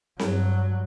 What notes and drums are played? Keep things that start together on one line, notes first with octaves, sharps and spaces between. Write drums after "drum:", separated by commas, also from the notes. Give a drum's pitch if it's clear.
G2 F#3, drum: snare C4